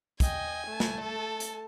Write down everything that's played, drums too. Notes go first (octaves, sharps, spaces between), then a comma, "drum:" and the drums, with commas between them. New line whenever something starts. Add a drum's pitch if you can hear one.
D#5 G5 G#5, drum: kick, hi-hat
A3 A5
drum: snare
A4
drum: hi-hat